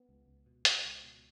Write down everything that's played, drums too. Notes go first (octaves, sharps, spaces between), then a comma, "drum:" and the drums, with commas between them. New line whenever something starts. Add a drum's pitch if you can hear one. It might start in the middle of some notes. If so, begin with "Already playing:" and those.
Already playing: B3
C#2
C#2
B2
B2, drum: hi-hat
C#2
B2